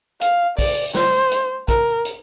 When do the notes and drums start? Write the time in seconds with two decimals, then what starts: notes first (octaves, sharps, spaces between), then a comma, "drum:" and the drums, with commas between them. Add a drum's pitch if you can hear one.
0.21 F5, drum: hi-hat
0.59 D5, drum: kick, open hi-hat
0.95 C5, drum: snare
1.31 drum: hi-hat
1.68 A#4, drum: kick, hi-hat
2.05 drum: hi-hat